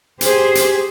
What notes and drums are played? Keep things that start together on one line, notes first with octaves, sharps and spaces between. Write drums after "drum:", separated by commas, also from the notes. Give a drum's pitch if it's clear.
G4 G#4 C5, drum: hi-hat
drum: hi-hat